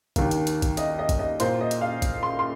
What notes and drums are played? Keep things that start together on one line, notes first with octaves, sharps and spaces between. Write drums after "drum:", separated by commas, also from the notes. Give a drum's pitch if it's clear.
D#2 D#3 A#3, drum: kick G#1, hi-hat
drum: hi-hat
drum: hi-hat
drum: kick G#1, hi-hat
D#5, drum: hi-hat
D#5
drum: kick G#1, hi-hat
D#5
A#2 A#3 C5, drum: hi-hat
D#5
drum: hi-hat
F5
drum: kick G#1, hi-hat
C6
C6